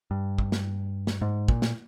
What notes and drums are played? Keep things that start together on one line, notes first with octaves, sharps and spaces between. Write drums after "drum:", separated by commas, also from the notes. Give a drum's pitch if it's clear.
G2
drum: kick
drum: snare
drum: snare
G#2
A#2, drum: kick
drum: snare